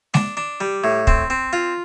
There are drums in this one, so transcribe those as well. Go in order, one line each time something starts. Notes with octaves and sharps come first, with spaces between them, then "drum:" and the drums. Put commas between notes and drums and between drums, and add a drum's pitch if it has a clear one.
D4, drum: snare
D4
G3
A2
C4, drum: kick
C4
F4